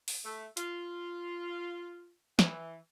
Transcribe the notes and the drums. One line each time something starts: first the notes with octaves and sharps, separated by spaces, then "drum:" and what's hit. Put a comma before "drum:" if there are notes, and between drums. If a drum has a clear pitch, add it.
drum: open hi-hat
A3
F4, drum: hi-hat
E3, drum: snare